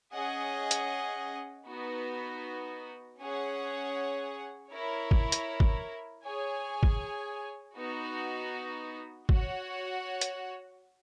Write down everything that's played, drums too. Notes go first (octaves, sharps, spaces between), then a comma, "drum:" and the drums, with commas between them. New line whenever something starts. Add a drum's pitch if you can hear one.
C#4 G#4 D#5 F#5
drum: hi-hat
B3 D#4 F#4
C#4 G#4 C#5 F#5
E4 A#4 C#5
drum: kick
drum: hi-hat
drum: kick
G#4 C#5 G#5
drum: kick
B3 D#4 F#4
F#4 C#5 F#5, drum: kick
drum: hi-hat